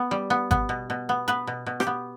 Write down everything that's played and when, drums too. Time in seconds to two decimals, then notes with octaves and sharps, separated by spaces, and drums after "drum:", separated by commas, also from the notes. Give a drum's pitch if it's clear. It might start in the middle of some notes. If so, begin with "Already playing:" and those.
Already playing: B3
0.11 G3
0.30 B3
0.51 B3, drum: kick G#1, hi-hat
0.69 B2
0.90 B2
1.09 B3
1.28 B3 B4, drum: hi-hat
1.47 B2
1.66 B2
1.80 G4, drum: rim click
1.87 B3